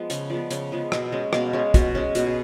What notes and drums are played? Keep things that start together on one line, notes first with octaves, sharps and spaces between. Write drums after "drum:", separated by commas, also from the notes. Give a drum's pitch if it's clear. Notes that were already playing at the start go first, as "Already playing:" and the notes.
Already playing: F3 G#3 B3
C#3 C#5, drum: hi-hat
F3 G#3 B3 D5
C#3 C#5, drum: hi-hat
F3 G#3 B3
B2, drum: rim click
G#3 C#4
B2 F5, drum: rim click
G#3 C#4 C#5
B2 F#4, drum: kick, hi-hat
G#3 C#4
B2 F#4, drum: hi-hat
G#4